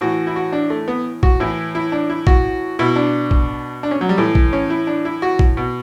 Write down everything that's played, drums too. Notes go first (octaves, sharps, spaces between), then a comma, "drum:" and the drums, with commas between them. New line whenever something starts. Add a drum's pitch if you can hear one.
A2 E3 F#4
E4
F#4
D4
A3
B3
F#4, drum: kick
A2 E3 E4
E4
D4
E4
F#4, drum: kick
B2 E4
D4
drum: kick
D4
C#4
F#3
G3
A2 E3 A3
drum: kick
C#4
E4
D4
E4
F#4
drum: kick
B2